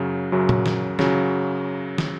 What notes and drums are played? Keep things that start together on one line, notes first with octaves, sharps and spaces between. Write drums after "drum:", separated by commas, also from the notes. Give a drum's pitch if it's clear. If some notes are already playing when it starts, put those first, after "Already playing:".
Already playing: F#2 C#3 F#3
F#2 C#3 F#3
drum: tom A#2
drum: snare
C#3 F#3, drum: snare
drum: snare